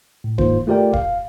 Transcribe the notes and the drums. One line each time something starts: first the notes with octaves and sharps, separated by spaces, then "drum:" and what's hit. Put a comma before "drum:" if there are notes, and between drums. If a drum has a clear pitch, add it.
A2
G#2 D#3 A#3 F4 C5, drum: kick D#1
A3 F4 G4 A#4 D5 G5
F5, drum: kick D#1